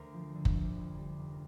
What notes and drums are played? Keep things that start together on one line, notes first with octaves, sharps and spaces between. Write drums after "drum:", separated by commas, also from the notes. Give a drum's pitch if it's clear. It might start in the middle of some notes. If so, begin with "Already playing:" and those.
Already playing: D2 D3 A#4 C5
F3
D3
drum: kick F#1
D2
F2
G3
F1
A#4